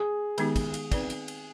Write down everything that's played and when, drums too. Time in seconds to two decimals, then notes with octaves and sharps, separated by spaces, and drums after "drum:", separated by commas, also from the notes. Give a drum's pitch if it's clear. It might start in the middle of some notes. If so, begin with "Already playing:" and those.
Already playing: G#4
0.38 D#3 G#3 B3 D#4 G4, drum: cymbal
0.56 drum: kick, cymbal
0.74 drum: cymbal
0.92 C4 D#4 B4 D5, drum: kick, cymbal
1.10 drum: cymbal
1.28 drum: cymbal